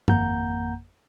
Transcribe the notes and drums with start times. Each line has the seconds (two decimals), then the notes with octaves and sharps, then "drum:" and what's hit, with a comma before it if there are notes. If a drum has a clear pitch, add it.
0.08 G#1 F2 A#3 F#5 A#5 G6, drum: tom G2